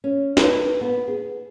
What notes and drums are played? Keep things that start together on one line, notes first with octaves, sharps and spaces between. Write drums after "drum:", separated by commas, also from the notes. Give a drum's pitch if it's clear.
C#4
B4, drum: snare
B3
G#4